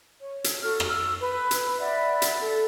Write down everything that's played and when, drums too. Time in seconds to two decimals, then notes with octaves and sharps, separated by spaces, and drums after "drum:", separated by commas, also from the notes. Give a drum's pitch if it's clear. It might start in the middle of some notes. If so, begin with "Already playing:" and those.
0.21 C#5
0.44 drum: hi-hat
0.62 F#4 A4 F6
0.80 drum: rim click
0.89 E6
1.19 B4
1.51 drum: hi-hat
1.79 D5 E5 F#5 B5
2.22 drum: hi-hat
2.39 A4